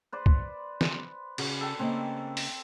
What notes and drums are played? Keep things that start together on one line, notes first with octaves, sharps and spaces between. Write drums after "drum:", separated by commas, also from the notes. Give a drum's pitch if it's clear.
B4 C5 D5
drum: kick C2
drum: snare
C#3 F#4 G#4, drum: cymbal
A4 G5
C#3 A#3 C4 D#5
drum: open hi-hat